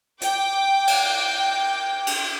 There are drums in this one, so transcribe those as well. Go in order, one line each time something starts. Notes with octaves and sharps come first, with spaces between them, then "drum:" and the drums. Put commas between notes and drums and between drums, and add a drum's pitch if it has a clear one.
G5 D6, drum: hi-hat
drum: cymbal
drum: cymbal